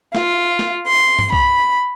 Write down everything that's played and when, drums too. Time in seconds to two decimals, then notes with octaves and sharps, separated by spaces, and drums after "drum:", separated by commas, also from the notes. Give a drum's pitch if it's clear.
0.15 F4, drum: snare
0.59 drum: snare
0.87 C6
1.19 drum: tom G2
1.32 B5, drum: kick C2